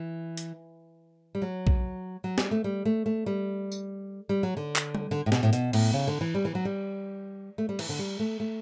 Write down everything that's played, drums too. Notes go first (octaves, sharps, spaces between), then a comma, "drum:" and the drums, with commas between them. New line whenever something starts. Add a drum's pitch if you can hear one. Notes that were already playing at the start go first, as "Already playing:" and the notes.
Already playing: E3
drum: hi-hat
G3
F#3
drum: kick A#1
F#3
G3, drum: snare
A3
G3
A3
A3
G3
drum: tambourine
G3
F#3
D3
drum: clap
drum: tom G3
D3
A2
B2, drum: snare
A2
B2, drum: hi-hat
A2, drum: cymbal
C#3
D3
E3
G3
E3
F#3
G3
A3
G3
E3, drum: cymbal
D3
G3
A3
A3